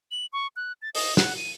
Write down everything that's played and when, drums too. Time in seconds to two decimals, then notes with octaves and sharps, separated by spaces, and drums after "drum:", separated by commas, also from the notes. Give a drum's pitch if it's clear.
0.11 F#7
0.33 C#6
0.56 F#6
0.82 A6
0.95 D#5, drum: open hi-hat
1.17 F#5, drum: snare
1.37 D#7